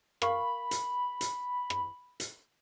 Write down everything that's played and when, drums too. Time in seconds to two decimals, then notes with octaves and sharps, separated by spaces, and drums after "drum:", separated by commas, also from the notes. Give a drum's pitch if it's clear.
0.22 A#4 F5 B5 C#6, drum: rim click
0.71 drum: hi-hat
1.21 drum: hi-hat
1.70 drum: rim click
2.20 drum: hi-hat